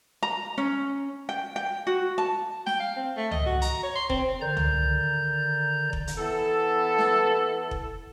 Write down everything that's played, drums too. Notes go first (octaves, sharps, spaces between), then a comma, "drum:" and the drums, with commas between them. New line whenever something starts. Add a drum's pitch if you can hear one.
A#5
C#4
G5
G5
F#4
A5
G5, drum: snare
F5
C4
A3
D#5, drum: tom C#2
F#4
A#5, drum: hi-hat
C#5
C6
C4, drum: kick F1
D3 D#3 D5 A#5 G6
drum: tom C#2
drum: kick F1
drum: hi-hat
E3 B3 E4 A4
drum: snare
drum: kick F1